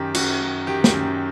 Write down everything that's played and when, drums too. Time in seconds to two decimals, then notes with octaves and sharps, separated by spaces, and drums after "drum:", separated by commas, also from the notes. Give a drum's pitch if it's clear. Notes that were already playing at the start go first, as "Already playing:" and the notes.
Already playing: F#2 D#3 G4
0.15 F#2 F#4, drum: cymbal
0.42 F#2
0.67 D#3 G4
0.84 drum: snare
0.94 F#2